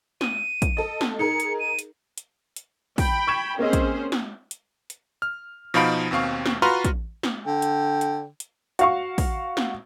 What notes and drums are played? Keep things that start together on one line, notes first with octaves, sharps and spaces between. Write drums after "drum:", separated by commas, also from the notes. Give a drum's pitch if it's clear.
D#7, drum: snare
drum: kick, hi-hat
A4 D#5
drum: snare
D#4 G#4 A#4 C#7
drum: hi-hat
D#7
drum: hi-hat
drum: hi-hat
drum: hi-hat
G5 B5, drum: kick, open hi-hat
C#6 G#6 E7
A#3 C4 C#4 G#4 C5 D#5
drum: kick, hi-hat
drum: snare
drum: hi-hat
drum: hi-hat
F6
B2 F3 D#4 F5 B5 D7
D#2 B2 C4 F5 C#6
drum: snare
F4 F#4 B4 A#5 C6 F6
drum: kick, hi-hat
drum: snare
D3 G5
drum: hi-hat
drum: hi-hat
drum: hi-hat
F#4 F5 C#6, drum: hi-hat
drum: kick, open hi-hat
drum: snare